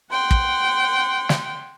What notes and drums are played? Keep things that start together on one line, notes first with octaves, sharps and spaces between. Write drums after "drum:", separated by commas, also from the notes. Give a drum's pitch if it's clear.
F#5 G5 C6
drum: kick
drum: snare